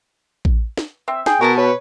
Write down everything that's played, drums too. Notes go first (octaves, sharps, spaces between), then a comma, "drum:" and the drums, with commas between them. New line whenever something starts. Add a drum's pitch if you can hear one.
drum: kick A1
drum: snare
C4 E5
G#4 G5, drum: snare
B2 F#4 G#4 A#4 D5 A5
B4 C#5